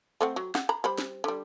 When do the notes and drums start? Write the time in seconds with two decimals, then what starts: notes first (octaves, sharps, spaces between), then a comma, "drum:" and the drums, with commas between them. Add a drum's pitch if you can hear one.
0.21 A3 C4 F#5
0.36 F#3
0.55 F#5, drum: snare
0.69 A#5 B5
0.84 G3 C5 B5
0.98 drum: snare
1.24 D3 G3